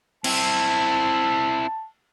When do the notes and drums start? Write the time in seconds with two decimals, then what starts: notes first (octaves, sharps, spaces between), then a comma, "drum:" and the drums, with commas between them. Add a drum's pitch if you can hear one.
0.24 C4 E4 A5, drum: cymbal